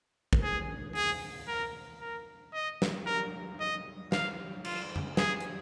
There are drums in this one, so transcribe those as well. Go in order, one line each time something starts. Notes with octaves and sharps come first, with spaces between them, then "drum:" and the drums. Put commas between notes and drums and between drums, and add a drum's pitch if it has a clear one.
drum: kick
G#4
G#4, drum: open hi-hat
A#4
A#4
D#5
drum: snare
A#4
D#5
F5, drum: snare
F4, drum: cymbal
drum: tom F2
G#4, drum: snare
drum: hi-hat